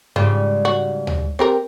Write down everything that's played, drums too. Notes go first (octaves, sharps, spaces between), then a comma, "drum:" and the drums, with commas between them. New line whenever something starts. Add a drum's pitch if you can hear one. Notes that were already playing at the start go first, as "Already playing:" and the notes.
G#2 C#3 G3 F4
F#4
drum: tom
C4 G4 A#4